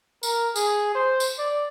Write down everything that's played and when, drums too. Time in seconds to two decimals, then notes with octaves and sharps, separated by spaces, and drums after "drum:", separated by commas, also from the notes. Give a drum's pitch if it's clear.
0.23 A#4, drum: tambourine
0.56 G#4, drum: tambourine
0.95 C5
1.20 drum: tambourine
1.39 D5